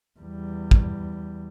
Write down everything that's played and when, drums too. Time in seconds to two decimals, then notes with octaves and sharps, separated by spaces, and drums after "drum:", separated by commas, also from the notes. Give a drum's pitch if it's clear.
0.20 E2 G3
0.71 drum: kick